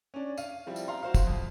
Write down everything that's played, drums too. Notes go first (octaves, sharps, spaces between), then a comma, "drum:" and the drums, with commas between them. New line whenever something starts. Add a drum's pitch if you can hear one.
C#4 D4
F5 D#7, drum: tambourine
F3 G3 C4 E4
drum: tambourine
F5 A#5 C6
F#4 C5 F5
drum: kick, tambourine
F2